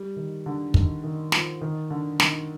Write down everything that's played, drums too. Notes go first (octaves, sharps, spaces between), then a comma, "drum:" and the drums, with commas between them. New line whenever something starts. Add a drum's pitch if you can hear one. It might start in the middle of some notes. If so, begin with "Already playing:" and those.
Already playing: G3
D#3
D3
D#3, drum: kick
D#3
F3, drum: snare
D#3
D3
D#3, drum: snare